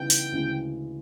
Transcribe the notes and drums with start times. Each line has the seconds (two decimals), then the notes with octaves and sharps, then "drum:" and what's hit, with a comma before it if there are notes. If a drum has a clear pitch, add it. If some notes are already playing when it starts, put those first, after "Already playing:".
Already playing: C#3 E3 G3 B3 D#4 G5
0.10 drum: open hi-hat
0.32 D2 C#3 E3 G#3